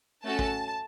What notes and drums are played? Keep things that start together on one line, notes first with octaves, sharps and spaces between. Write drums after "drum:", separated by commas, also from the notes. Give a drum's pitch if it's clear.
A3 C#4 F#4 A4 A5
drum: kick